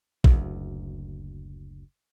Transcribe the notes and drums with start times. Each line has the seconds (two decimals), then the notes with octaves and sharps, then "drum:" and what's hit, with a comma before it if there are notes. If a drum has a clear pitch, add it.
0.24 F#1 D2, drum: kick A#1